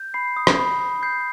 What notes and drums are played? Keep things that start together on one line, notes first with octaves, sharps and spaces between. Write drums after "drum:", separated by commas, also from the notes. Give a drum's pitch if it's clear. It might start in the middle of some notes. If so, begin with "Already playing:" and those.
Already playing: G6
B5 C7
D#6
drum: rim click
B5
D#6
G6 C7